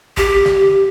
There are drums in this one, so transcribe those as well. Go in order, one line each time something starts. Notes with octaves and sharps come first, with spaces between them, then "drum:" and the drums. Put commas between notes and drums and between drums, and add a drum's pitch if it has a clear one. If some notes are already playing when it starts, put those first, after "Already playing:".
G4, drum: kick
drum: snare